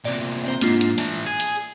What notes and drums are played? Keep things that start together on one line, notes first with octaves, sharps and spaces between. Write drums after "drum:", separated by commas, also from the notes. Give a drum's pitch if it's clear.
C2 A#2 D5
C4 C5 A#5
G#2 A#3 D4 F4, drum: hi-hat
drum: hi-hat
A2 E3 D5 A5, drum: hi-hat
G#4
drum: hi-hat